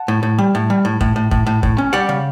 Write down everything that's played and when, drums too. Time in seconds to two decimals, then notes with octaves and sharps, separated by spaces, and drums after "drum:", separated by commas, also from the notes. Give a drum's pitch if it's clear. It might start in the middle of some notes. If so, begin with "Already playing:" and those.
Already playing: F#5 A5
0.08 A2
0.23 A2
0.38 G3
0.55 A2
0.70 G3
0.85 A2
1.01 A2, drum: kick
1.16 A2
1.31 A2, drum: kick
1.47 A2
1.63 A2, drum: kick
1.78 C#4
1.93 G3 D5 F#5
2.09 C#3